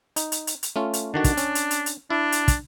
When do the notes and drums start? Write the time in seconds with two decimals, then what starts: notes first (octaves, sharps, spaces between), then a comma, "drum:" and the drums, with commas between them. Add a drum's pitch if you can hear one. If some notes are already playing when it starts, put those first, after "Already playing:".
0.16 D#4, drum: hi-hat
0.32 drum: hi-hat
0.47 drum: hi-hat
0.63 drum: hi-hat
0.76 A3 C#4 F4
0.93 drum: hi-hat
1.14 D3 D#3 D4 F#4
1.24 drum: kick, hi-hat
1.37 C#4, drum: hi-hat
1.55 drum: hi-hat
1.71 drum: hi-hat
1.86 drum: hi-hat
2.10 D4 E4
2.32 drum: hi-hat
2.48 drum: kick, hi-hat